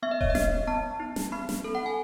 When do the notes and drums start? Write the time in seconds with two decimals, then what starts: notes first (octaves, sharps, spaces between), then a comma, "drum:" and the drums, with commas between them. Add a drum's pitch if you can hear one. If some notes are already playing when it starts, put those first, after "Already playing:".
0.03 B3 E5
0.11 D#5
0.21 C#5, drum: kick D#1
0.30 D#5
0.35 B3, drum: snare
0.67 B3 A5
1.00 D#4
1.16 drum: snare
1.32 B3 B5
1.49 drum: snare
1.64 A4
1.75 F#5
1.86 G#5